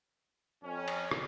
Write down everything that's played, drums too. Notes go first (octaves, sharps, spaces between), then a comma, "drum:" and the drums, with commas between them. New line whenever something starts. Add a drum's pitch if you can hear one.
F2 C#4
drum: cymbal
drum: rim click